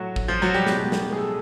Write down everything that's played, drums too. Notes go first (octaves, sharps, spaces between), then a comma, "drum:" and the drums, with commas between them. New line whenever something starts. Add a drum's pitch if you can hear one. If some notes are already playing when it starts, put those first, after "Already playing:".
Already playing: A2 F#3 A3 F#4
drum: kick G#1
F3 F4
F#3 F#4
G3 G4
B2 G#3, drum: snare
drum: snare
G#4
A3 A4